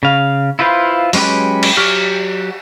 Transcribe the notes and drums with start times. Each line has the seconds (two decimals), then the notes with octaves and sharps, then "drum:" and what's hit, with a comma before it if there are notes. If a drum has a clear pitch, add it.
0.03 C#3 F5
0.59 E4 F4 B4 C5 F5
1.13 F#3 G#3 C#4 G4 B4, drum: open hi-hat
1.63 drum: cymbal
1.77 F#3 F#4 G4 F6